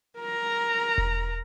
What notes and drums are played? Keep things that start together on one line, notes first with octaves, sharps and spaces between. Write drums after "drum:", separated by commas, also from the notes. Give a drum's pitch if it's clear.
A#4 A#5
drum: kick E1